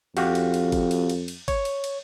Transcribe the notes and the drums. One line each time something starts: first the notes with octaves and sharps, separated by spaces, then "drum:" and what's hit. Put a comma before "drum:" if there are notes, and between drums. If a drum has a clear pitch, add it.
F2 F#4 G4 F5, drum: cymbal
drum: cymbal
drum: cymbal
drum: kick G1, cymbal
drum: cymbal
drum: cymbal
drum: cymbal
C#5, drum: kick G1, cymbal
drum: cymbal
drum: cymbal